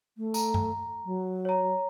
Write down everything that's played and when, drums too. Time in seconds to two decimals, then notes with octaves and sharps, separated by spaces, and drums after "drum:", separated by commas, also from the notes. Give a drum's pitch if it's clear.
0.18 A3
0.34 A#5, drum: tambourine
0.54 drum: tom G2
1.05 F#3
1.45 C#5 A#5